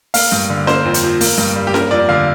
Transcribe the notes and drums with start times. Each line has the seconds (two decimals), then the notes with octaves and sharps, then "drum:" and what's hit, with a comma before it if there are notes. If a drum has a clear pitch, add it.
0.14 A#3 F5, drum: open hi-hat
0.32 G2
0.50 D3
0.67 A#3 C5, drum: snare C#4
0.85 F2
0.94 drum: hi-hat
1.04 F3
1.21 A#3, drum: open hi-hat
1.38 G2
1.56 G3
1.67 G4
1.74 A#3 A#4, drum: snare C#4
1.91 F2 D5
2.09 D3 F5